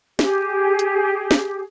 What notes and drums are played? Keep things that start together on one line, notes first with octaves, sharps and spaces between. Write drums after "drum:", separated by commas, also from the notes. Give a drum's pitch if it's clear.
G4 G#4, drum: snare
drum: hi-hat
drum: snare